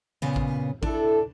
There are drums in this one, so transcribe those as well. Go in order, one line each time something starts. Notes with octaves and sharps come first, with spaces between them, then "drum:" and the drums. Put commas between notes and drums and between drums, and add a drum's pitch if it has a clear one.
A#2 C#3 B3
drum: kick A1
D4 E4 A4, drum: kick A1